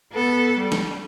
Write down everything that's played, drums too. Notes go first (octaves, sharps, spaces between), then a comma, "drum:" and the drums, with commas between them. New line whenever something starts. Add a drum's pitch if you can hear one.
B3 A4
G3
drum: snare